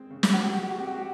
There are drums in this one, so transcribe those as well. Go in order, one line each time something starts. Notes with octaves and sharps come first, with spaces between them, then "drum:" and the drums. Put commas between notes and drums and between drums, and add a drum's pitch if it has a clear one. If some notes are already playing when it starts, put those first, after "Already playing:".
Already playing: G#3 C4
C#3
drum: snare
F3 F#4
G4
F#4
G#3 G4
F#4
C4 G4
F#4
G4